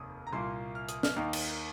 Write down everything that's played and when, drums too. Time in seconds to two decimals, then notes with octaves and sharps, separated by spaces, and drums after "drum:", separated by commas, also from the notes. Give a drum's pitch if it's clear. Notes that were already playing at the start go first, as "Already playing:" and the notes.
Already playing: F1 D#2 D#3 A#3 D#6
0.27 A#5
0.33 C2 A#2 A#3 C6
0.75 F6
0.89 D#6, drum: hi-hat
1.03 F6, drum: snare
1.16 D#2 D#3 A#3 D#4 F6
1.33 drum: cymbal